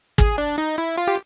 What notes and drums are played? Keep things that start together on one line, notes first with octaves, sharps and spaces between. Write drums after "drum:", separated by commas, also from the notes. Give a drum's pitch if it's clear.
G#4, drum: kick
D4
D#4
E4
F4
G4